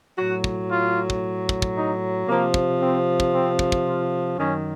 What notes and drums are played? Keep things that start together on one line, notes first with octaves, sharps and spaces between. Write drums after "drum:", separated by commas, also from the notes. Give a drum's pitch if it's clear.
A2 F#3 F#4
drum: kick
F4
drum: kick
drum: kick
drum: kick
D#4
C3 F3 A#3
drum: kick
C4
drum: kick
C4
drum: kick
drum: kick
F4
F#2 D#3 F#3 C#4